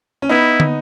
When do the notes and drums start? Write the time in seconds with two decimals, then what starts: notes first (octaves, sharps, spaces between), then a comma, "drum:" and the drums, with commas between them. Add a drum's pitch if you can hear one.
0.22 C#4
0.29 B3 D#4 E4
0.60 drum: tom